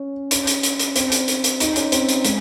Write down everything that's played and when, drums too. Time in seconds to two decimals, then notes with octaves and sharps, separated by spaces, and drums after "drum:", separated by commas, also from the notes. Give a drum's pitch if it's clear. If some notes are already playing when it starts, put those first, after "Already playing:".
Already playing: C#4
0.31 C#4, drum: hi-hat
0.47 drum: hi-hat
0.63 drum: hi-hat
0.79 drum: hi-hat
0.96 C4, drum: hi-hat
1.12 drum: hi-hat
1.28 drum: hi-hat
1.44 drum: hi-hat
1.60 D#4, drum: hi-hat
1.76 C#4, drum: hi-hat
1.92 C4, drum: hi-hat
2.09 drum: hi-hat
2.25 G#3, drum: hi-hat